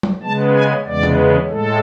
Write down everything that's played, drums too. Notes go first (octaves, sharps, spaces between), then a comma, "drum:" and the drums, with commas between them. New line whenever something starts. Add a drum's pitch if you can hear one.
drum: tom
C#3 G#3 B3 A5
G#5
E2 C#3 G#3 B3 D5
drum: tom
A2 G#3 A4